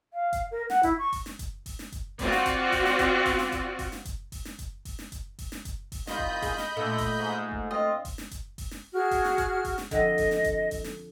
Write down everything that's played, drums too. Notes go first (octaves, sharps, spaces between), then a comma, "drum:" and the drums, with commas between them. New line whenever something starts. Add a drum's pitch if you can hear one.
F5
drum: kick F#1, hi-hat
A#4
F#5, drum: snare
E4, drum: kick F#1, hi-hat
C#6
drum: kick F#1, open hi-hat
drum: snare
drum: kick F#1, hi-hat
drum: kick F#1, open hi-hat
drum: snare
drum: kick F#1, hi-hat
C4 F4 F#4 D5, drum: kick F#1, open hi-hat
drum: snare
drum: kick F#1, hi-hat
drum: kick F#1, open hi-hat
drum: snare
drum: kick F#1, hi-hat
drum: kick F#1, open hi-hat
drum: snare
drum: kick F#1, hi-hat
drum: kick F#1, open hi-hat
drum: snare
drum: kick F#1, hi-hat
drum: kick F#1, open hi-hat
drum: snare
drum: kick F#1, hi-hat
drum: kick F#1, open hi-hat
drum: snare
drum: kick F#1, hi-hat
drum: kick F#1, open hi-hat
drum: snare
drum: kick F#1, hi-hat
drum: kick F#1, open hi-hat
C2 D#3 F4 D#5 B5 G6, drum: snare
drum: kick F#1
G#4, drum: kick F#1, open hi-hat
drum: snare
A#2 D3 A3
drum: kick F#1, open hi-hat
G#2
drum: kick F#1
C4 D4 F4 D#5
drum: kick F#1, open hi-hat
drum: snare
drum: kick F#1, hi-hat
drum: kick F#1, open hi-hat
drum: snare
F#4 G#4 F6
drum: kick F#1, open hi-hat
drum: snare
drum: kick F#1, hi-hat
drum: kick F#1, open hi-hat
drum: snare
F2 D3 D#5, drum: kick F#1, hi-hat
drum: kick F#1, open hi-hat
drum: snare
drum: kick F#1, hi-hat
drum: kick F#1, open hi-hat
drum: snare